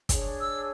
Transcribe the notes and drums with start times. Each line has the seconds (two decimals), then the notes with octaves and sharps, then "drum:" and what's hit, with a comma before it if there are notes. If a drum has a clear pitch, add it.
0.09 D4 G#4 C#5, drum: kick, hi-hat
0.39 E6